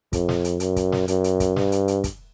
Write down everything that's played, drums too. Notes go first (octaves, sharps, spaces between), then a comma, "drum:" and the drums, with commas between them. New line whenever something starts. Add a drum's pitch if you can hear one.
F2, drum: kick, hi-hat
drum: snare
drum: hi-hat
F#2, drum: hi-hat
drum: kick, hi-hat
drum: snare
F#2, drum: hi-hat
drum: hi-hat
drum: kick, hi-hat
G2, drum: snare
drum: hi-hat
drum: hi-hat
drum: kick, hi-hat